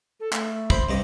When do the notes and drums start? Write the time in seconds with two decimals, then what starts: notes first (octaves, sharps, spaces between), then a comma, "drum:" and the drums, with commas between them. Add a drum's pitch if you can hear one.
0.20 A4
0.33 A3, drum: clap
0.70 C5 B5, drum: kick
0.89 G2 C3 D#5